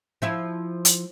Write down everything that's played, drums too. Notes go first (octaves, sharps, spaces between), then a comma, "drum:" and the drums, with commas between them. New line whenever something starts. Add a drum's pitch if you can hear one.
F3 E4 F4
drum: hi-hat